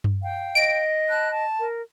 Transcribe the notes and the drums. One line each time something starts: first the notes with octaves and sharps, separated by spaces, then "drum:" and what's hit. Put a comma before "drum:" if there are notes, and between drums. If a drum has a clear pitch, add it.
drum: tom G2
F5 G5
D#5 D7
A5 B5 F#6
A5
A#4